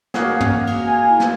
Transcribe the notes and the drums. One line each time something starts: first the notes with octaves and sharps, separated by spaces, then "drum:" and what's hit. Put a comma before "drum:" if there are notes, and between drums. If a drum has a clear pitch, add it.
A#3 F#4 G#4, drum: snare
drum: tom
drum: cymbal
G#5
E4
drum: snare